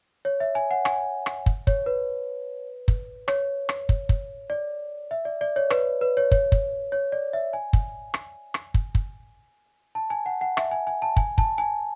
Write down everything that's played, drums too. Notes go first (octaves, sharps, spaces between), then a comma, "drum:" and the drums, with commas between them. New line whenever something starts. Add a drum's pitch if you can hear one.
C#5
E5
G#5
F#5
G#5, drum: rim click
drum: rim click
drum: kick
C#5, drum: kick
B4
drum: kick
C#5, drum: rim click
drum: rim click
drum: kick
drum: kick
D5
E5
D5
D5
C#5
B4, drum: rim click
B4
C#5
C#5, drum: kick
drum: kick
C#5
D5
E5
G#5
drum: kick
drum: rim click
drum: rim click
drum: kick
drum: kick
A5
G#5
F#5
F#5
E5, drum: rim click
G#5
G#5
A5
G#5, drum: kick
A5, drum: kick
G#5